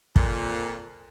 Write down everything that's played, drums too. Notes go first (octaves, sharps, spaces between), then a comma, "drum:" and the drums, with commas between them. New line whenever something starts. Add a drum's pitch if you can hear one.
F2 A#2, drum: kick